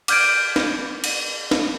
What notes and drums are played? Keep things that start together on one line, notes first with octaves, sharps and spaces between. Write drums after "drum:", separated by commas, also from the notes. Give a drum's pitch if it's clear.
D6 F6 G6 G#6 D7, drum: cymbal
drum: snare
drum: cymbal
drum: snare